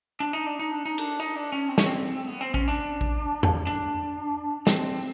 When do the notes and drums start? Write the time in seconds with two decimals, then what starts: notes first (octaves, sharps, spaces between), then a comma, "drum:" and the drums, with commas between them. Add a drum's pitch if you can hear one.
0.20 D4
0.33 D#4
0.46 D4
0.59 D#4
0.71 D4
0.85 D#4
0.98 D4, drum: cymbal
1.20 D#4
1.36 D4
1.52 C#4
1.69 C4
1.78 C#4, drum: snare
1.86 C4
2.27 B3
2.41 C4
2.54 C#4, drum: kick A1
2.68 D4
3.01 drum: kick A1
3.43 drum: tom E2
3.67 D4
4.67 C4, drum: snare